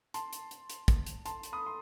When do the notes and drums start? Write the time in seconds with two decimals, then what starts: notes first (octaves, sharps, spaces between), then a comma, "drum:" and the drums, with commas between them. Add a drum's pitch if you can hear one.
0.14 A5 C6, drum: hi-hat
0.33 drum: hi-hat
0.51 drum: hi-hat
0.70 drum: hi-hat
0.88 drum: kick, hi-hat
1.06 drum: hi-hat
1.26 A5 C6, drum: hi-hat
1.43 drum: hi-hat
1.53 B5 D#6
1.67 C6